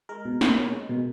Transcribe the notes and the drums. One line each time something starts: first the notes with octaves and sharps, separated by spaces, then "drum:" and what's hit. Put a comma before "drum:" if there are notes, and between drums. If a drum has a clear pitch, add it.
G#3 A#4
B2
B2, drum: snare
C#4
G#3
B2